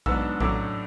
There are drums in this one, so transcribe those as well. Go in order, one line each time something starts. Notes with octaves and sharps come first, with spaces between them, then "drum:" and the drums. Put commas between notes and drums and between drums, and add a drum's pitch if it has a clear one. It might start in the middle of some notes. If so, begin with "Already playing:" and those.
G#2 F#3 B3 D4 E6, drum: kick A#1
A2 F#3 A3 D4 D6, drum: kick A#1